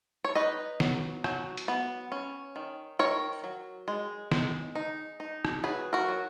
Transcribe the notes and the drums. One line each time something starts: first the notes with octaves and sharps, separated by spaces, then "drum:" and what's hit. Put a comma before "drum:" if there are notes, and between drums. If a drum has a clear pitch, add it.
C#5
D#4 B4 D#5
F#3, drum: snare
F#3, drum: rim click
drum: hi-hat
B3
C#4
D#3
D#3 A#4 C#5
F#3
G#3
G#3, drum: snare
D#4
D#4
drum: rim click
F#3 G#4 B4
F#4 A#4
F#3